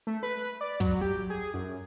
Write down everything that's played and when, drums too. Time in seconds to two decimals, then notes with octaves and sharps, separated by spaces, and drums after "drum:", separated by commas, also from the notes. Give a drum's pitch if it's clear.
0.07 A3
0.23 B4
0.39 drum: hi-hat
0.61 D5
0.80 F#3, drum: kick, hi-hat
1.01 G4
1.30 G#4
1.54 F#2